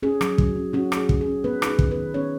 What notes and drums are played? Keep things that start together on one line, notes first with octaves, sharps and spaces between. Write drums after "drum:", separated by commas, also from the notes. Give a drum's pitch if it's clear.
C#4 G#4
F#3, drum: rim click
F#3, drum: kick
C#4
C#4 F#4
F#3, drum: rim click
G#4
F#3, drum: kick
G#4
C#4
B3 B4
D#4 G#4, drum: rim click
D#3, drum: kick
B3 B4
D#3
B3 C#4 C#5